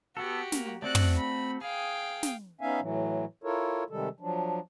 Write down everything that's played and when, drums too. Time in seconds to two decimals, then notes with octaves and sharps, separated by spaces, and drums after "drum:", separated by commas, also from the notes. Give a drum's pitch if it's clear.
0.17 B3 F#4 G4 A4
0.52 A#3, drum: snare
0.82 A3 C4 F#4 D5 F#6
0.95 drum: tom
1.17 B5
1.61 G#4 F5 G5
2.23 drum: snare
2.61 B3 C#4 D#4 E5 F5 G#5
2.80 A2 E3 F#3
3.44 E4 F4 A4 A#4 C#5
3.90 C3 D#3 G3 G#3 A4
4.20 F3 F#3 D4